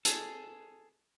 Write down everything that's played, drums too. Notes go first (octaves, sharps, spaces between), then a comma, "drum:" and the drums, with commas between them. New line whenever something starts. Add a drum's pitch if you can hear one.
G#4 A4, drum: hi-hat